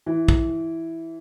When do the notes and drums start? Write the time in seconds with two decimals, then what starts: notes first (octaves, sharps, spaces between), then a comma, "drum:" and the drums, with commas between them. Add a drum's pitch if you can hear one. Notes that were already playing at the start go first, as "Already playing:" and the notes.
0.06 E3
0.28 drum: kick